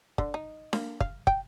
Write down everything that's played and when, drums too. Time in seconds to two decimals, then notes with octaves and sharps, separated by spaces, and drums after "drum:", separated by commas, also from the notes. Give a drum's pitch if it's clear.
0.18 D3, drum: kick
0.34 D#4
0.73 A#3, drum: snare D4
1.00 F5, drum: kick
1.27 G5, drum: kick